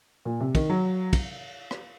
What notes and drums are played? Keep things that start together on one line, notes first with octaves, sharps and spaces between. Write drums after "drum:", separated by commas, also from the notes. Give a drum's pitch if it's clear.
A#2
C3
D#3, drum: kick, cymbal
F#3
drum: kick, cymbal
drum: rim click